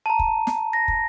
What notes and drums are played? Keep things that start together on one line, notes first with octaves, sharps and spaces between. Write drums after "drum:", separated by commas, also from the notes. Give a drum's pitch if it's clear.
A5 A#5
drum: kick
drum: snare
A#6
drum: kick